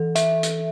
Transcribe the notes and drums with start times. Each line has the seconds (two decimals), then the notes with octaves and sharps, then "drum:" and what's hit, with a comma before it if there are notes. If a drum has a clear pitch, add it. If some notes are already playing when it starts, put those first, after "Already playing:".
Already playing: E3 A4
0.15 E5, drum: hi-hat
0.43 drum: hi-hat